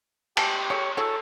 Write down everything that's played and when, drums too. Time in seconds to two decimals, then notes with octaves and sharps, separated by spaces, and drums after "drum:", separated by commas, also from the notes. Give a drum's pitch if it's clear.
0.37 F#3 G4 G#5 A5, drum: cymbal
0.70 G#4 A4 C#5
0.97 E4 F#4 G#4 A4 C#5 A5